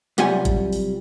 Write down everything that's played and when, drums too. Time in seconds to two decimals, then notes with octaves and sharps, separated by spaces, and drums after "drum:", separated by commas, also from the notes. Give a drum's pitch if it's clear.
0.18 C2 F#3 G3 F4 F#5 G#5, drum: hi-hat
0.45 drum: kick, hi-hat
0.73 drum: open hi-hat